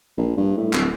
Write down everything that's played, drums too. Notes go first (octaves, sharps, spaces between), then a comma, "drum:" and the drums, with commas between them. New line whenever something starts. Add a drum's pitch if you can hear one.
A#1
G2
A2
D1, drum: clap